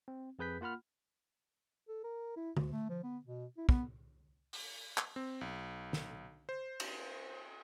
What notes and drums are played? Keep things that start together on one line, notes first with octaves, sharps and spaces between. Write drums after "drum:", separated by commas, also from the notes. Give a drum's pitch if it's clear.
C4
F2 G#4 B4 G6 B6
A#3 F4 F#5 B5 F6
A4
A#4
E4
D2, drum: tom D3
A3
F3
B3
B2
E4
B3, drum: kick
drum: open hi-hat
drum: clap
C4
B1
drum: snare
C5
drum: cymbal